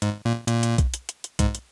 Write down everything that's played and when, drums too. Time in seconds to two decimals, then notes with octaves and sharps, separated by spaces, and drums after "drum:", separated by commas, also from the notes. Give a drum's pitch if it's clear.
0.02 G#2, drum: hi-hat
0.25 A#2
0.48 A#2, drum: hi-hat
0.63 drum: hi-hat
0.78 drum: kick, hi-hat
0.94 drum: hi-hat
1.09 drum: hi-hat
1.24 drum: hi-hat
1.39 G#2, drum: kick, hi-hat
1.55 drum: hi-hat